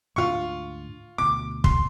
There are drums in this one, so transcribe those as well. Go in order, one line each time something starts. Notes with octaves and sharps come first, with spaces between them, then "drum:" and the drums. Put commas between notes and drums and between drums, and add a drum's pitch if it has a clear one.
D2 G#2 D4 F4 C#6
D2 B2 D6
D1 E2 B2 C6, drum: kick